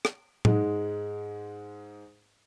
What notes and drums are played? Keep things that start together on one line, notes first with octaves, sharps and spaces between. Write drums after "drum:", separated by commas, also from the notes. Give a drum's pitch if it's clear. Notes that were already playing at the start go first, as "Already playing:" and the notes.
drum: rim click
G#2 G#3, drum: tom